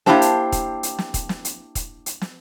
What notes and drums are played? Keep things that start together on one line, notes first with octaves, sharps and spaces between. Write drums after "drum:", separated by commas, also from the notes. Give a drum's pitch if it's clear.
A#3 D4 E4 G4 C5 A5, drum: snare
drum: hi-hat
drum: kick, hi-hat
drum: hi-hat
drum: snare
drum: kick, hi-hat
drum: snare
drum: hi-hat
drum: kick, hi-hat
drum: hi-hat
drum: snare